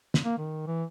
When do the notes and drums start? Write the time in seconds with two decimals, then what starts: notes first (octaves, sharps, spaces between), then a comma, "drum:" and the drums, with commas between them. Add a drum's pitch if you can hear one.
0.14 drum: snare
0.25 A#3
0.38 D#3
0.67 E3